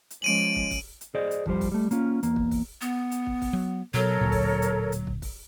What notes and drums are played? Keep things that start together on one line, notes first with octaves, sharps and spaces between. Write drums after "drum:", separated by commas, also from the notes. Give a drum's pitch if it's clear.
drum: hi-hat
F3 G#3 C#4 D7 D#7 F#7
drum: kick
drum: kick, open hi-hat
drum: hi-hat
G#4 C5 D5 D#5
drum: hi-hat
F2 F3 G3 C5, drum: kick
drum: kick, open hi-hat
G3 A3
A#3 C#4 F4, drum: hi-hat
E2 A#3, drum: hi-hat
drum: kick
drum: kick, open hi-hat
B3, drum: hi-hat
drum: hi-hat
drum: kick
drum: kick, open hi-hat
F#3
B2 F#3 A4 A#4 C#5
D1 D2 A#2
drum: kick, open hi-hat
drum: hi-hat
drum: hi-hat
drum: kick
drum: kick, open hi-hat